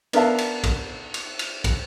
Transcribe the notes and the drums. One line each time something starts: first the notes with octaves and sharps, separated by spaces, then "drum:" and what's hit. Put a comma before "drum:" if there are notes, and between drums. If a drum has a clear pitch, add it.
B3 D4 A#4 E5 F5 A5, drum: cymbal
drum: cymbal
drum: kick, cymbal
drum: cymbal
drum: cymbal
drum: kick, cymbal